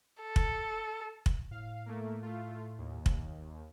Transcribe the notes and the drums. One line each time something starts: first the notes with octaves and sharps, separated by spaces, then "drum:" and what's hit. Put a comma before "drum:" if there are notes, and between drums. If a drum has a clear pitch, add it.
A4
drum: kick
drum: kick
A2 F5
A3 A#3
A3 F4
D#2
drum: kick